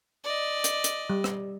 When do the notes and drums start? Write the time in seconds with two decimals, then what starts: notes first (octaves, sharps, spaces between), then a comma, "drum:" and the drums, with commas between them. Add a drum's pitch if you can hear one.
0.24 D5 D#5
0.64 drum: hi-hat
0.84 drum: hi-hat
1.10 G3
1.24 drum: rim click